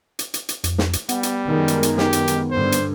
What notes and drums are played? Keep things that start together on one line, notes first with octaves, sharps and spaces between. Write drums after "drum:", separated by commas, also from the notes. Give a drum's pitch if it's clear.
drum: hi-hat
drum: hi-hat
drum: hi-hat
F2, drum: hi-hat
drum: snare
drum: hi-hat
G3 B3, drum: hi-hat
drum: hi-hat
F#2 D#3 G#3
drum: hi-hat
drum: hi-hat
G4, drum: snare
drum: hi-hat
drum: hi-hat
G2 D3 C5
drum: hi-hat